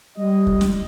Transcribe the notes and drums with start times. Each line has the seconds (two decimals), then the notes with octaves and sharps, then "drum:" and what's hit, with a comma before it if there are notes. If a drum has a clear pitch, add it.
0.18 G3 D#5
0.47 drum: kick
0.61 drum: snare